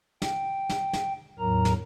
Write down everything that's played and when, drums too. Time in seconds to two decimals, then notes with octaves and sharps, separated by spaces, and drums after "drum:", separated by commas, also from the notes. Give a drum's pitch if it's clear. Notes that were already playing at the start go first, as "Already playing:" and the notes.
0.22 G5, drum: snare
0.69 drum: snare
0.93 drum: snare
1.39 E2 A2 F#3 A#4 A#5
1.65 drum: snare